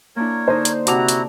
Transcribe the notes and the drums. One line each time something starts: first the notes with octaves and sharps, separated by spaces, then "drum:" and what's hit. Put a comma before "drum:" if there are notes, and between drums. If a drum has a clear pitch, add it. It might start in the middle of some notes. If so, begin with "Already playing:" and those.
A#3 D4 E4 A#4 C#5
D3 D#4 C5
drum: hi-hat
C3 E4 F#4 A5 A#5 D6 F7, drum: hi-hat
drum: hi-hat